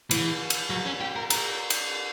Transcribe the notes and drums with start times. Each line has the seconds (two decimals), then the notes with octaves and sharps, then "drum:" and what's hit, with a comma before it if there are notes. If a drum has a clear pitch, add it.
0.11 E3, drum: cymbal
0.50 drum: cymbal
0.70 F#3
0.86 C#4
1.01 G4
1.16 A#4
1.30 A#4, drum: cymbal
1.70 drum: cymbal